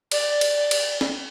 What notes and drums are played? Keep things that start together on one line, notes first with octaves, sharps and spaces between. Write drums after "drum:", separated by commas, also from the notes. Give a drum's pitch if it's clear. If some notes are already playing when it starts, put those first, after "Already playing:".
D5, drum: cymbal
drum: cymbal
drum: cymbal
drum: snare